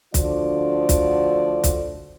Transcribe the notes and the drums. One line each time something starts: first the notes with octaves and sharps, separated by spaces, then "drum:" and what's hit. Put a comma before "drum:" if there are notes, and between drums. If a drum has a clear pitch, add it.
D2 D3 F3 F#4 D5, drum: kick, hi-hat
drum: kick, hi-hat
drum: kick, hi-hat